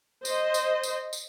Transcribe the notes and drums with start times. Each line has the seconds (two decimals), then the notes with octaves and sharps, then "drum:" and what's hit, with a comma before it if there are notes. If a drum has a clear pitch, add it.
0.25 C5 D#5, drum: tambourine
0.54 drum: tambourine
0.83 drum: tambourine
1.13 drum: tambourine